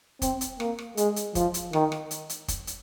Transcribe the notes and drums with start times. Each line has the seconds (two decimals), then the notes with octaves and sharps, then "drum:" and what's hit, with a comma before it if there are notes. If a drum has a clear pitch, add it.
0.22 C4, drum: kick, hi-hat
0.41 drum: hi-hat
0.60 A#3, drum: rim click
0.79 drum: rim click
0.97 G#3, drum: hi-hat
1.16 drum: hi-hat
1.35 F3, drum: kick, hi-hat
1.54 drum: hi-hat
1.73 D#3, drum: rim click
1.92 drum: rim click
2.11 drum: hi-hat
2.29 drum: hi-hat
2.48 drum: kick, hi-hat
2.67 drum: hi-hat